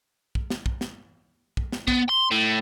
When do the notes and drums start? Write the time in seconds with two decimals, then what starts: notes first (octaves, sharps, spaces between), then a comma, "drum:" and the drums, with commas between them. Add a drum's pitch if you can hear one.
0.35 drum: kick
0.50 drum: snare
0.66 drum: kick
0.81 drum: snare
1.57 drum: kick
1.72 drum: snare
1.88 B3, drum: kick
2.09 C6
2.31 A2